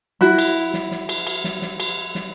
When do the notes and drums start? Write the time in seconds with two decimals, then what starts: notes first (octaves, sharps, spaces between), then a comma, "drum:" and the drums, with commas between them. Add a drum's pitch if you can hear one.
0.21 E4 F#4, drum: snare
0.38 drum: cymbal
0.74 drum: snare
0.91 drum: snare
1.09 drum: cymbal
1.27 drum: cymbal
1.44 drum: snare
1.62 drum: snare
1.80 drum: cymbal
2.15 drum: snare